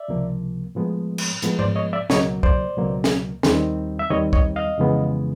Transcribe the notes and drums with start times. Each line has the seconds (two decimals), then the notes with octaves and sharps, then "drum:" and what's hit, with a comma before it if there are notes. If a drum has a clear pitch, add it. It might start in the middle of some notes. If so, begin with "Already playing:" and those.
Already playing: D5 E5
0.08 C#2 C3 F3 A#3
0.75 A2 F3 G#3 B3
1.18 drum: cymbal
1.42 A2 F3 G#3 B3, drum: hi-hat
1.59 C5 D5, drum: tom G#2
1.76 C#5 D#5
1.93 D5 E5
2.10 C#2 B2 F#3 A#3 C#5 D#5, drum: snare
2.43 C5 D5, drum: kick
2.77 C#2 B2 F#3 A#3
3.04 drum: snare
3.43 D#2 D#3 G3 C4, drum: snare
3.99 E5
4.10 D#2 D#3 G3 C4 C#5 D#5
4.33 C#5 D#5, drum: kick
4.56 D#5 F5
4.78 F2 C#3 E3 G#3 B3